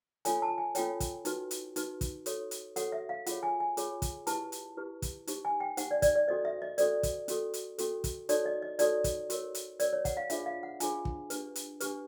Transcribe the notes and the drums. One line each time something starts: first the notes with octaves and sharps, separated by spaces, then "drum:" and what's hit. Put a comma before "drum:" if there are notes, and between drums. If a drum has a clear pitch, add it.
C#4 F4 A4 C#5 G#5, drum: hi-hat
A5
G#5
C#4 F4 A4 C#5 G5, drum: hi-hat
drum: kick, hi-hat
D#4 F#4 B4, drum: hi-hat
drum: hi-hat
D#4 F#4 B4, drum: hi-hat
drum: kick, hi-hat
F#4 A4 C#5, drum: hi-hat
drum: hi-hat
F#4 A4 C#5 F#5, drum: hi-hat
E5
F5
F4 G#4 C#5 F#5, drum: hi-hat
G#5
G#5
F4 G#4 C#5, drum: hi-hat
drum: kick, hi-hat
E4 G4 B4 A5, drum: hi-hat
drum: hi-hat
E4 G4 B4
drum: kick, hi-hat
D#4 G4 C5, drum: hi-hat
G#5
G5
D#4 G4 C5 F#5, drum: hi-hat
D5
D5, drum: kick, hi-hat
D5
C#4 F#4 A4 C5 D#5
E5
D#5
C#4 F#4 A4 C5 D5, drum: hi-hat
drum: kick, hi-hat
C#4 F#4 A4, drum: hi-hat
drum: hi-hat
C#4 F#4 A4, drum: hi-hat
drum: kick, hi-hat
D#4 F#4 A4 C#5 D5, drum: hi-hat
D#5
D#5
D#4 F#4 A4 C#5 D5, drum: hi-hat
drum: kick, hi-hat
F#4 A#4 C#5, drum: hi-hat
drum: hi-hat
F#4 A#4 C#5 D5, drum: hi-hat
C#5
F#5, drum: kick, hi-hat
F5
D4 F4 G#4 C5 E5, drum: hi-hat
F5
F#5
D4 F4 G#4 C5 G#5, drum: hi-hat
drum: kick
D4 G4 B4, drum: hi-hat
drum: hi-hat
D4 G4 B4, drum: hi-hat